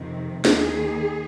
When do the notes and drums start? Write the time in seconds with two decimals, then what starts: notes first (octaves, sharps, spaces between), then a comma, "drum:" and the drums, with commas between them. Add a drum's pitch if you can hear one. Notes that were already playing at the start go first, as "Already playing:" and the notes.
Already playing: F2 C3 D#3
0.45 D#2 D#3 G#4, drum: snare